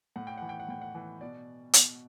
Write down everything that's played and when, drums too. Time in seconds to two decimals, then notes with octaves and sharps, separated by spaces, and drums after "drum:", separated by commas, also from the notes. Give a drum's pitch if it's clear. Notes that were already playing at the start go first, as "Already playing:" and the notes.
0.16 A2 F#5
0.27 G5
0.38 E3 F#5
0.49 G5
0.60 F#5
0.68 A2 G5
0.81 F#5
0.95 E3
1.21 B2 D5
1.73 B2, drum: hi-hat